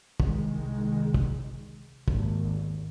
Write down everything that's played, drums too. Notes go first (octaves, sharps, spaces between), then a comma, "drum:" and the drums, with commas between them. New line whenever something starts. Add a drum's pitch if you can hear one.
C2 D#3 G#3, drum: kick
drum: kick
G#1 D#2, drum: kick